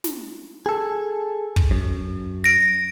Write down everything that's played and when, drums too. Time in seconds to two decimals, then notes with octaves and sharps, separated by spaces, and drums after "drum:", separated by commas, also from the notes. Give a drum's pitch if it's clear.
0.04 drum: snare
0.66 G#4 A4
1.56 drum: kick
1.71 F#2
2.44 A#6 D7